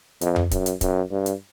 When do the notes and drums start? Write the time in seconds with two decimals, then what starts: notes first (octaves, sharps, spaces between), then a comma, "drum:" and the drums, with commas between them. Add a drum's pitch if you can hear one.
0.21 F2, drum: hi-hat
0.36 drum: tom F2
0.51 F#2, drum: kick, hi-hat
0.66 drum: hi-hat
0.81 F#2, drum: kick, hi-hat
1.11 G2
1.26 drum: hi-hat